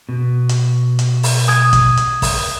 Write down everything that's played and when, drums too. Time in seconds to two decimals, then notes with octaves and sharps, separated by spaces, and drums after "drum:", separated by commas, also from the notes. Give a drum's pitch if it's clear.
0.09 B2
0.49 drum: hi-hat
0.99 drum: hi-hat
1.23 drum: open hi-hat
1.48 D#6 G#6, drum: rim click
1.73 drum: kick, hi-hat
1.97 drum: hi-hat
2.22 drum: kick, open hi-hat